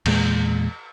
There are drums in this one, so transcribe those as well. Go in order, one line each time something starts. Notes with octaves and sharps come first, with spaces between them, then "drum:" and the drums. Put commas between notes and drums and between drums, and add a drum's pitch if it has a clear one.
E2 A#2 G#3, drum: cymbal